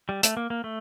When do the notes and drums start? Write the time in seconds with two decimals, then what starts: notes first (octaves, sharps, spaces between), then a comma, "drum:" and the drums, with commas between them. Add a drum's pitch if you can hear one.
0.09 G3
0.23 A3, drum: hi-hat
0.37 A#3
0.50 A#3
0.64 A3